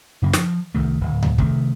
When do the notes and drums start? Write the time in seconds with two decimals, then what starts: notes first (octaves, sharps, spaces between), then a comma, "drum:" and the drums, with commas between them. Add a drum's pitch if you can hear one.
0.22 F#2 C#3 A#3
0.34 F3, drum: snare
0.75 C2 D#3 A3
1.01 D1
1.23 drum: tom D2
1.38 C3 D#3 A3, drum: kick